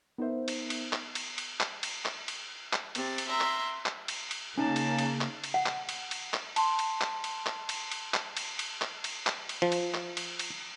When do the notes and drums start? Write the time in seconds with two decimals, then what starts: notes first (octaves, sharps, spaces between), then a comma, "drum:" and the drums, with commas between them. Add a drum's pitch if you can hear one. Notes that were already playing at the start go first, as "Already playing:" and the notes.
0.18 B3 D#4 A#4 C5 E5
0.48 drum: cymbal
0.70 drum: cymbal
0.93 drum: clap
1.15 drum: cymbal
1.38 drum: cymbal
1.60 drum: clap
1.83 drum: cymbal
2.06 drum: clap
2.28 drum: cymbal
2.73 drum: clap
2.95 C3 A6, drum: cymbal
3.18 drum: cymbal
3.28 E5 A#5 C6
3.41 drum: clap
3.86 drum: clap
4.08 drum: cymbal
4.31 drum: cymbal
4.58 C#3 A#3 C#4 D#4 A5
4.76 drum: cymbal
4.99 drum: cymbal
5.21 drum: clap
5.44 drum: cymbal
5.54 F#5
5.66 drum: clap
5.89 drum: cymbal
6.11 drum: cymbal
6.34 drum: clap
6.56 A5 C6, drum: cymbal
6.79 drum: cymbal
7.01 drum: clap
7.24 drum: cymbal
7.46 drum: clap
7.69 drum: cymbal
7.92 drum: cymbal
8.14 drum: clap
8.37 drum: cymbal
8.59 drum: cymbal
8.82 drum: clap
9.04 drum: cymbal
9.27 drum: clap
9.49 drum: cymbal
9.62 F3
9.72 drum: cymbal
9.94 drum: clap
10.17 drum: cymbal
10.39 drum: cymbal